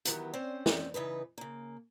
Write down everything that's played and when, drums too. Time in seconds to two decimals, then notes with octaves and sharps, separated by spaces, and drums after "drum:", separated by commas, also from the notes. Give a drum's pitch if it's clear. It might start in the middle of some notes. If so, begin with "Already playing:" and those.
0.05 D#3 E3 F#3 B3 G4, drum: hi-hat
0.33 C4 C#4 C5 D5
0.66 drum: snare
0.94 C#3 E3 D#4 B4
1.38 C#3 A#3